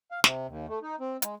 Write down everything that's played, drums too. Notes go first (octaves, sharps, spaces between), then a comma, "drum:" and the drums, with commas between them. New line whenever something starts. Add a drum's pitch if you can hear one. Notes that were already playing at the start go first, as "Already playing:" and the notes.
F5
C3, drum: snare
D#2
A3
D#4
C4
G#3, drum: hi-hat